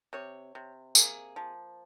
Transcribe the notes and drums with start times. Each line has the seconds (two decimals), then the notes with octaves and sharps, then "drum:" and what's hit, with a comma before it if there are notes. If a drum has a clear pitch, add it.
0.13 C3 C#5
0.55 C3
0.95 A#3 G#4, drum: tambourine
1.36 F3